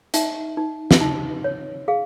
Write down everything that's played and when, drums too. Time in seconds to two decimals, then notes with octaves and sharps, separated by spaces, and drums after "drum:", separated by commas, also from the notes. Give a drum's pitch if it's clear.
0.14 D#4 E5, drum: hi-hat
0.57 D#4
0.91 drum: snare
1.01 D#4
1.44 C#5
1.88 G#4 F5